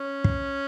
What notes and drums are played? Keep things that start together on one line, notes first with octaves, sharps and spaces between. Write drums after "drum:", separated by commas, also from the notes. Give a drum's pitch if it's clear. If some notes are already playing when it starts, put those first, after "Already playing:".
Already playing: C#4
drum: kick